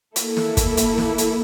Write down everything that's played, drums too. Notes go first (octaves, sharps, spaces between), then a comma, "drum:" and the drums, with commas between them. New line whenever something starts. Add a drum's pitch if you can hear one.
A#3 E4 A4, drum: hi-hat
drum: snare
drum: kick, hi-hat
drum: hi-hat
drum: snare
drum: hi-hat